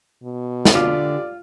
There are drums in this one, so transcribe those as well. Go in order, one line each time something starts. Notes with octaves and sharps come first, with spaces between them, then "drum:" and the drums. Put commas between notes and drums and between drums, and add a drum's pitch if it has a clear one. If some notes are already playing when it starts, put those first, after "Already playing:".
B2
drum: snare
D3 F4 G4 D5 D6